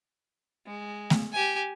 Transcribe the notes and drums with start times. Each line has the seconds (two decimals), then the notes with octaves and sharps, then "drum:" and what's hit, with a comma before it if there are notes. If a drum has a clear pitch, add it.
0.66 G#3
1.10 drum: snare A3
1.32 G4 G#5